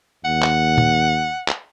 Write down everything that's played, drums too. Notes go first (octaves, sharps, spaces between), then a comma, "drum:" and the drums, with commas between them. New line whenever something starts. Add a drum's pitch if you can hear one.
D#2 F#5
drum: clap
drum: tom
drum: clap